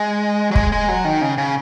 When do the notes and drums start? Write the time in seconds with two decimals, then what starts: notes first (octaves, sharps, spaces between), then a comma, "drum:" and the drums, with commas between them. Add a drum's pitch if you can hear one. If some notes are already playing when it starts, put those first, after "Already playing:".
Already playing: G#3
0.51 F#3
0.55 G#3, drum: kick
0.72 G#3
0.89 F#3
1.05 D#3
1.21 C#3
1.38 C#3